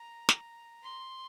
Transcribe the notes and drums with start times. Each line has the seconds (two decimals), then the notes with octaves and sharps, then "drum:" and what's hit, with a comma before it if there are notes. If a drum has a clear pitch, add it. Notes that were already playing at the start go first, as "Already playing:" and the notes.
Already playing: A#5
0.29 drum: snare
0.83 C6